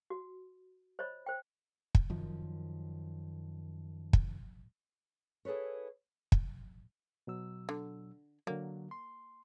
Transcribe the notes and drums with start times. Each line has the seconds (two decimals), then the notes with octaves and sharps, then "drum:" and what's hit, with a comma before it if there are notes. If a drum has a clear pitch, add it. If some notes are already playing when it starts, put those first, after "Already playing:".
0.10 F#4
0.99 C5 C#5 D#5 B5
1.26 C5 G5
1.95 drum: kick
2.10 F#2 D#3 F3
4.13 drum: kick
5.45 E4 G#4 A4 B4 C#5
6.32 drum: kick
7.27 B2 F#3 E6
7.69 D3
8.47 D3 F#3 A#3
8.91 C6